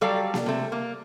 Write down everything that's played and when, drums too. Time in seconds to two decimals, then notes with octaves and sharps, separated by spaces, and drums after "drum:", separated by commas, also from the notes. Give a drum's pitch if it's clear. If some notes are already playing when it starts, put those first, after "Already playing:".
0.01 F#3 G3 A4 D5 F5
0.34 drum: snare A#3
0.46 C3 A3
0.72 A#3